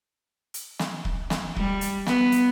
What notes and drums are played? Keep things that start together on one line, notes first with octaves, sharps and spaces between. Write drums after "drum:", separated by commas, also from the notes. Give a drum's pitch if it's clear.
drum: hi-hat
drum: snare
drum: kick
drum: snare
G3, drum: kick
drum: hi-hat
B3, drum: snare
drum: hi-hat